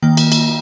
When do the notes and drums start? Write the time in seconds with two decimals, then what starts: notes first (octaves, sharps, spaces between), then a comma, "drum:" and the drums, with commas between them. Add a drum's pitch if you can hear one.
0.02 D#3 A#3 G5
0.17 drum: cymbal
0.32 drum: cymbal